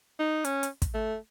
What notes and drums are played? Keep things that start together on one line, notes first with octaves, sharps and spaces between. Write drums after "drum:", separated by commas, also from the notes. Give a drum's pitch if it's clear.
D#4
C#4, drum: hi-hat
drum: hi-hat
drum: kick, hi-hat
A3